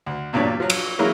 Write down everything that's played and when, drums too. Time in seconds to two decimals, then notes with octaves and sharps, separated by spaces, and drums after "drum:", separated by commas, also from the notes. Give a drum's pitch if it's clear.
0.06 D2
0.33 E2 G2 A#2 F#3 D4 C#5
0.60 F3 F#3
0.70 drum: cymbal
0.99 E3 F#3 G#3 A#3 C#4 E4